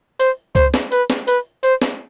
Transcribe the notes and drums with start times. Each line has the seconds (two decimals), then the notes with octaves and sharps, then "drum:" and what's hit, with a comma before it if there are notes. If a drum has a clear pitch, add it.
0.20 C5, drum: hi-hat
0.55 C5, drum: kick C#2, hi-hat
0.74 drum: snare
0.92 B4, drum: hi-hat
1.10 drum: snare
1.28 B4, drum: hi-hat
1.63 C5, drum: hi-hat
1.82 drum: snare